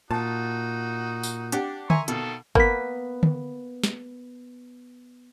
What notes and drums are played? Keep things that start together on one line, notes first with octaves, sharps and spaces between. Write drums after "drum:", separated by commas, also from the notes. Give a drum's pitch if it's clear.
A#2 D#4 F#4 A5
drum: tambourine
D4 G4 F#5, drum: hi-hat
E5 G#5 A#5 C6 C#6, drum: tom D3
B2 D#3 A#3 A4, drum: hi-hat
A#3 B3 B6, drum: kick G1
drum: tom D3
drum: snare